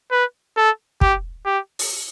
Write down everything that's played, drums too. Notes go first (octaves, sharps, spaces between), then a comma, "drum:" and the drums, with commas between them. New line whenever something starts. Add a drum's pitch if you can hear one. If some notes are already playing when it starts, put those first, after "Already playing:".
B4
A4
G4, drum: kick
G4
drum: open hi-hat